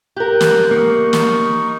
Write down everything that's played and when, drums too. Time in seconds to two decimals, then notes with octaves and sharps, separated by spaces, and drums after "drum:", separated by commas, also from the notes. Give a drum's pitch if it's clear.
0.16 G4 A#4 F#6 G6
0.41 drum: snare
0.71 A#3 D#4 C#6
1.13 drum: snare